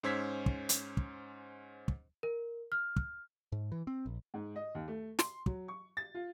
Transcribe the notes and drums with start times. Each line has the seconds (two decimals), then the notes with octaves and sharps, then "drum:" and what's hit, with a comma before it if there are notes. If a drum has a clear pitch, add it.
0.03 G#2 C#4 C5 E6 G#6 B6
0.46 drum: kick
0.69 drum: hi-hat
0.97 drum: kick
1.88 drum: kick
2.23 A#4
2.72 F6
2.97 drum: kick
3.52 G#2
3.72 E3
3.87 C4
4.06 A#1
4.34 G#2
4.56 D#5
4.75 D#2
4.88 A3
5.19 C6, drum: snare
5.46 F#3, drum: kick
5.68 C#6
5.97 A6
6.14 F4